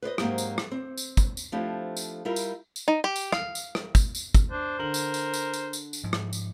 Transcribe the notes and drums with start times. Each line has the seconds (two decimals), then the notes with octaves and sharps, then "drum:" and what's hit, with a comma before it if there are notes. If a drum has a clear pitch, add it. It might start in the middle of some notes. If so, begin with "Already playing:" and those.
0.02 B4 C5 D5 D#5
0.18 G#2 F#3 A#3 C4 G4, drum: rim click
0.38 drum: tambourine
0.58 drum: rim click
0.71 C4
0.97 drum: tambourine
1.17 drum: kick, tambourine
1.37 drum: tambourine
1.52 F3 A3 C4 D4 E4 G4
1.97 drum: tambourine
2.25 G3 E4 F4 A#4
2.36 drum: tambourine
2.76 drum: tambourine
2.88 D#4
3.04 G4
3.16 drum: tambourine
3.32 F5, drum: rim click
3.55 drum: tambourine
3.75 drum: rim click
3.95 drum: kick, tambourine
4.15 drum: tambourine
4.34 drum: kick, tambourine
4.51 D4 C5
4.79 D3 A#4 F#7
4.94 drum: tambourine
5.14 drum: tambourine
5.34 drum: tambourine
5.53 drum: tambourine
5.73 drum: tambourine
5.93 drum: tambourine
6.04 G#2 F3
6.13 drum: rim click
6.33 drum: tambourine